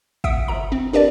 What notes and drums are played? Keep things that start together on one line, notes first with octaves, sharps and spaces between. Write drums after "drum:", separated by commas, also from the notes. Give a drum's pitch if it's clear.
E5 F#5 D#6 E6 D7, drum: kick
G1 A#5
C4
D4 G4 A#4 B4 D5